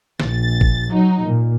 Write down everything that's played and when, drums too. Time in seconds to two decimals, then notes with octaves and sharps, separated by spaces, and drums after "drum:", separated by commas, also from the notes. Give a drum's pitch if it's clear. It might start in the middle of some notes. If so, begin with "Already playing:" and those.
0.20 A#1 A6, drum: snare
0.61 drum: kick
0.91 F#3 D#4
1.23 A#2